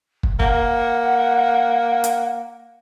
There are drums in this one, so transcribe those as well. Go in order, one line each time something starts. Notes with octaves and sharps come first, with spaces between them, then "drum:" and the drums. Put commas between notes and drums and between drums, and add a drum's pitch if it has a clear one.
drum: kick
A#3 F#5, drum: kick
drum: hi-hat